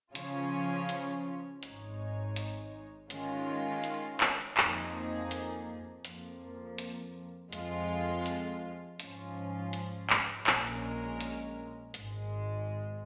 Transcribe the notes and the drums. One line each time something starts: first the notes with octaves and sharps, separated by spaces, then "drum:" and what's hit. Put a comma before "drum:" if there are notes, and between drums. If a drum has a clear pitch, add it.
C#3 F3 C#4 F4 C#5, drum: hi-hat
drum: hi-hat
G#1 G#2 G#3 D#4 C#5, drum: hi-hat
drum: hi-hat
D#3 G#3 C#4 F4, drum: hi-hat
drum: hi-hat
drum: clap
F2 F3 A#3 D#4 G#4, drum: clap
drum: hi-hat
F2 F3 A#3, drum: hi-hat
drum: hi-hat
F2 F3 G#3 F4, drum: hi-hat
drum: hi-hat
G#2 F3 C#4 F4, drum: hi-hat
drum: hi-hat
drum: clap
A#1 A#2 G#3 C#4 A#4, drum: clap
drum: hi-hat
G#1 G#2 G#3, drum: hi-hat